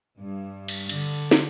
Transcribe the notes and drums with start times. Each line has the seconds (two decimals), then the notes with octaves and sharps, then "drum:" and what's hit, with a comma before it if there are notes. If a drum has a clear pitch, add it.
0.18 G2
0.68 drum: cymbal
0.89 D3, drum: cymbal
1.31 drum: snare